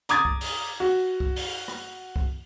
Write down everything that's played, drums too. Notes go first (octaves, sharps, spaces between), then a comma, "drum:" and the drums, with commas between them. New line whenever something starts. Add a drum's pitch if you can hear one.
A#5 D6 D#6 G#6 A6, drum: hi-hat
drum: kick
drum: open hi-hat
F#4
drum: kick
drum: open hi-hat
drum: rim click
drum: kick